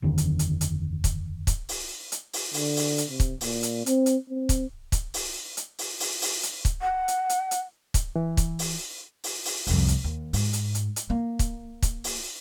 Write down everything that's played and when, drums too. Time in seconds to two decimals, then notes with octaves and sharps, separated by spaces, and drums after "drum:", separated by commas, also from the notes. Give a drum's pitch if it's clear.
0.02 F#1 E2 D3 D#3
0.18 drum: hi-hat
0.39 drum: hi-hat
0.61 drum: hi-hat
1.04 drum: kick, hi-hat
1.47 drum: kick, hi-hat
1.69 drum: open hi-hat
2.12 drum: hi-hat
2.33 drum: open hi-hat
2.54 D3, drum: open hi-hat
2.76 drum: open hi-hat
2.98 drum: hi-hat
3.10 C3
3.20 drum: kick, hi-hat
3.41 A#2, drum: open hi-hat
3.63 drum: hi-hat
3.86 C4, drum: hi-hat
4.06 drum: hi-hat
4.30 C4
4.49 drum: kick, hi-hat
4.92 drum: kick, hi-hat
5.14 drum: open hi-hat
5.57 drum: hi-hat
5.78 drum: open hi-hat
6.00 drum: open hi-hat
6.22 drum: open hi-hat
6.43 drum: hi-hat
6.65 drum: kick, hi-hat
6.81 F#5
7.08 drum: hi-hat
7.29 drum: hi-hat
7.51 drum: hi-hat
7.94 drum: kick, hi-hat
8.16 E3
8.37 drum: kick, hi-hat
8.59 drum: open hi-hat
9.24 drum: open hi-hat
9.45 drum: open hi-hat
9.67 C2 F2, drum: open hi-hat
9.88 drum: hi-hat
10.04 D#2
10.33 G#2, drum: open hi-hat
10.53 drum: hi-hat
10.75 drum: hi-hat
10.96 drum: hi-hat
11.10 A#3
11.39 drum: kick, hi-hat
11.82 drum: kick, hi-hat
12.04 drum: open hi-hat